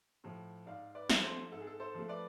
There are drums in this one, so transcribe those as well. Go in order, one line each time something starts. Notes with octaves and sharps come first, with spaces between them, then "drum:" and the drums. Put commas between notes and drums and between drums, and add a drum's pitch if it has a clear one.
A2 F3
G#2 D5 F5
B4 D5
F3 A3, drum: snare
A4 C5
G#2 A4
G#4
A4
A4 C5
F3 A3
B4 D5